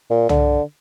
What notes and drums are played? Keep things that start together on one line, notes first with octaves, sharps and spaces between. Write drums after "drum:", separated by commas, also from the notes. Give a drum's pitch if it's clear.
A#2
D3, drum: tom